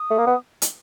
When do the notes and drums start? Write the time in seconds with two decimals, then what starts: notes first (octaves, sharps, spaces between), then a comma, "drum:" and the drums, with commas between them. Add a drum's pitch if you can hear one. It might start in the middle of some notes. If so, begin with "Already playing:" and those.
Already playing: D#6
0.10 A3
0.18 A#3
0.27 B3
0.62 drum: hi-hat